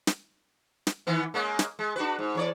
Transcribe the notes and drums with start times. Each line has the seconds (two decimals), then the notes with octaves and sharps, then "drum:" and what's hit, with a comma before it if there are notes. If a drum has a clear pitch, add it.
0.07 drum: snare
0.87 drum: snare
1.07 D#3 E3 B3
1.34 G#3 A#3 C#4
1.59 drum: snare
1.79 G#3
1.96 D4 F#4 B4
2.19 G#2
2.35 E2 C#5 D5